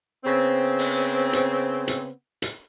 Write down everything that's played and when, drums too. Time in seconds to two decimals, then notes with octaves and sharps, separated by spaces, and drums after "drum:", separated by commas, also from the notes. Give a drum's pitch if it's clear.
0.24 C#3 B3 C4
0.79 drum: open hi-hat
1.33 drum: hi-hat
1.88 drum: hi-hat
2.42 drum: hi-hat